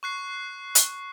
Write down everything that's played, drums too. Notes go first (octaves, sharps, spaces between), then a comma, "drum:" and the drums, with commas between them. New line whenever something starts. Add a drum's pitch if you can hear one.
C#6 F#6 C7
drum: hi-hat